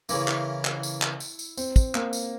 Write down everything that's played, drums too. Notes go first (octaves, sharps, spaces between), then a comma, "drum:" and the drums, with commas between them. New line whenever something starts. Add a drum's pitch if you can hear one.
C#3 E3 A#3 E4, drum: tambourine
drum: clap
drum: clap
drum: tambourine
drum: clap
drum: tambourine
drum: tambourine
C4, drum: tambourine
drum: kick, tambourine
A#3, drum: clap
drum: tambourine